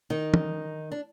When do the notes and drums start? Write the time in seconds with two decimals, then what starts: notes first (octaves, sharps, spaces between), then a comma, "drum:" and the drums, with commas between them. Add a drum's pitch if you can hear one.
0.10 D#3 D#4
0.34 drum: tom
0.92 D4